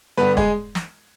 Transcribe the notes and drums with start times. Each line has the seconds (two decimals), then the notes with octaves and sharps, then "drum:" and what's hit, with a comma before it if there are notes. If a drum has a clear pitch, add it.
0.17 G2 D3 G3 B3 B4
0.37 G#3 G#4, drum: kick
0.75 drum: snare